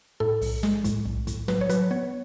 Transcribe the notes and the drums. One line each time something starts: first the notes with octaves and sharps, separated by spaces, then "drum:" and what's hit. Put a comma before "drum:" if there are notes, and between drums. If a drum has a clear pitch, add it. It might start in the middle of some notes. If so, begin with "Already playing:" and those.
A2 A4
B1, drum: open hi-hat
G#3, drum: snare
A2, drum: kick, hi-hat
B1
A2, drum: kick, hi-hat
F#3 B4, drum: snare
C#5
F#3 B4, drum: hi-hat
B3 C#5